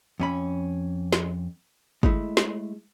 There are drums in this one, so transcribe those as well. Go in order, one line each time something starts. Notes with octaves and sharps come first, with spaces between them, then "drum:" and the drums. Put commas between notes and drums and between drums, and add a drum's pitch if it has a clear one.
F2 C#4 B5
drum: snare
G#3 A3 E4, drum: kick G1
drum: snare